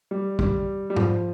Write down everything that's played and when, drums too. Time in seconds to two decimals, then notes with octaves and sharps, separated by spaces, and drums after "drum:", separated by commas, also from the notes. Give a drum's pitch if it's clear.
0.11 G3
0.39 G3, drum: kick
0.90 G3
0.97 F3, drum: tom G#2